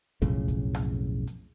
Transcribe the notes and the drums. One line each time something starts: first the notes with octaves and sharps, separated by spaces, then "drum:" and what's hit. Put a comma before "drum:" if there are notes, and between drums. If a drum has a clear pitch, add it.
B1 F2 A2 C#3, drum: kick E2, hi-hat
drum: kick E2, hi-hat
drum: rim click
drum: hi-hat